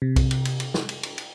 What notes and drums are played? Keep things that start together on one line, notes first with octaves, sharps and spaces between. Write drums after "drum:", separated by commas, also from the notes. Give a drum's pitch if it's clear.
C3
drum: kick B1, cymbal
drum: cymbal
drum: cymbal
drum: cymbal
drum: snare
drum: cymbal
drum: cymbal
drum: cymbal